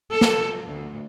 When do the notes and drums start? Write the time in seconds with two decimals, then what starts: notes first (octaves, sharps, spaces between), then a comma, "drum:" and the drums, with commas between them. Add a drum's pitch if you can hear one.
0.11 A4
0.21 drum: snare
0.67 D2